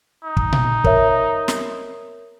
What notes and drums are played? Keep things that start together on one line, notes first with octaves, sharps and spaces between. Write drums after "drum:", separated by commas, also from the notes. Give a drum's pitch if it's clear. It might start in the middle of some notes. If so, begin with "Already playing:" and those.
D#4
drum: kick
drum: tom A#2
A#4 C#5 E5, drum: kick
drum: snare